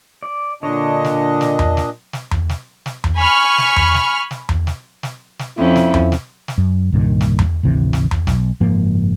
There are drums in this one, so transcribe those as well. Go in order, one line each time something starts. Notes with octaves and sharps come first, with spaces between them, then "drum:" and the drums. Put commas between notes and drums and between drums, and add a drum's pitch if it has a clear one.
D5
A#2 D3 D4 C#5 D#5
drum: snare
drum: snare
drum: tom E2
drum: snare
drum: snare
drum: tom E2
drum: snare
drum: snare
drum: tom E2
G#5 B5 C#6 F6
drum: snare
drum: tom E2
drum: snare
drum: snare
drum: tom E2
drum: snare
drum: snare
drum: snare
F2 C#4 E4
drum: snare
drum: tom E2
drum: snare
drum: snare
F#2
C2 G2 A#2 D#3
drum: snare
drum: tom E2
G#1 D2 C3 E3
drum: snare
drum: tom E2
B1, drum: snare
F#1 G#2 F3 A#3